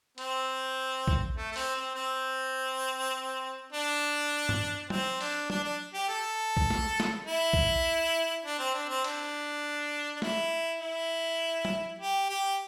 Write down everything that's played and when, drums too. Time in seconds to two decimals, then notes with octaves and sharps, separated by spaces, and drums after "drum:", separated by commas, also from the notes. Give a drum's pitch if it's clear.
0.18 C4, drum: hi-hat
1.08 drum: kick
1.36 A3
1.52 A3
1.56 C4, drum: open hi-hat
1.76 C4
1.95 C4
3.73 D4
4.49 drum: tom G2
4.90 C4, drum: tom F#3
5.21 D4, drum: open hi-hat
5.50 D4, drum: tom F#3
5.64 D4
5.94 G4
6.09 A4
6.57 drum: kick
6.70 drum: snare
7.00 drum: snare
7.27 E4
7.53 drum: kick
8.45 D4
8.59 C4
8.74 D4
8.89 C4
9.04 D4, drum: cymbal
10.16 D4
10.22 E4, drum: snare
10.81 E4
11.65 drum: tom F#3
11.99 G4
12.29 G4